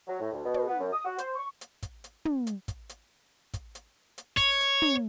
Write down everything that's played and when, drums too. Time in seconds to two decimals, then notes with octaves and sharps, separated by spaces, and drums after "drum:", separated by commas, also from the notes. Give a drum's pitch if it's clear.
0.07 F#3
0.19 A2
0.32 D2
0.44 B2
0.54 drum: tom
0.67 B3
0.80 F#2
0.92 D#6
1.05 F#4
1.18 C5, drum: hi-hat
1.36 C#6
1.61 drum: hi-hat
1.83 drum: kick, hi-hat
2.04 drum: hi-hat
2.25 drum: tom
2.47 drum: hi-hat
2.68 drum: kick, hi-hat
2.89 drum: hi-hat
3.54 drum: kick, hi-hat
3.75 drum: hi-hat
4.18 drum: hi-hat
4.37 C#5, drum: kick, hi-hat
4.60 drum: hi-hat
4.82 drum: tom